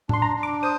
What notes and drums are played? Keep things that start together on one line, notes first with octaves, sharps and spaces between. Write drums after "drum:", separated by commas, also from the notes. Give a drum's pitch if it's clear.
D4 C6, drum: tom A2
A#5
D4
D6
C5 D#6